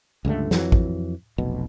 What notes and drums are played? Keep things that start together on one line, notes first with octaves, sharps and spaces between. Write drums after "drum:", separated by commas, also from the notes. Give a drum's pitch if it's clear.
C#2 G2 D3 A3
F2 E3 F#3, drum: snare
drum: kick
F1 B1 B2